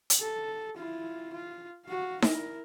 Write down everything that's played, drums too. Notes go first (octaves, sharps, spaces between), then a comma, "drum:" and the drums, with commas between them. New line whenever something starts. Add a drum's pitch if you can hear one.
drum: hi-hat
A4
E4 F4
F4
F#4 F5
E4 A#4, drum: snare D#4